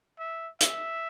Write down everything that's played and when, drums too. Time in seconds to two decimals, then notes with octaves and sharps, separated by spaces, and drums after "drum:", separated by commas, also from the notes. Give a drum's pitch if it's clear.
0.19 E5
0.61 E5, drum: hi-hat